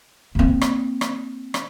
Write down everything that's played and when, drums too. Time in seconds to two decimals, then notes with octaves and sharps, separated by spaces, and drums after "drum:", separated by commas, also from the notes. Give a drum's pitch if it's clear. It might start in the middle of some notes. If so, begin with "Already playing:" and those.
0.35 A#3 C4
0.61 drum: rim click
1.01 drum: rim click
1.54 drum: rim click